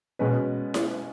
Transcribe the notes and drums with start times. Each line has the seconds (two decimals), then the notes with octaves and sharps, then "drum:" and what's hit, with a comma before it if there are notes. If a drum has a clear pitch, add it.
0.19 B2 G#3 C#4 B4
0.74 drum: snare E4